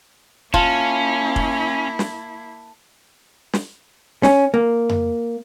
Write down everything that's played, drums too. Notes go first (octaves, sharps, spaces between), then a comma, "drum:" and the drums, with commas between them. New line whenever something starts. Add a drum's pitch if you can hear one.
A#3 C#4 E4 F4 A5, drum: kick
drum: kick
drum: snare
drum: snare
C#4, drum: snare
A#3
drum: tom F2